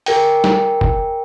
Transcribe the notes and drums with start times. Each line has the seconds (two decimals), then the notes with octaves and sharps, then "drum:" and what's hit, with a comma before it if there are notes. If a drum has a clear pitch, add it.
0.06 G#4 A#4 G5, drum: open hi-hat
0.44 drum: snare
0.81 drum: kick F1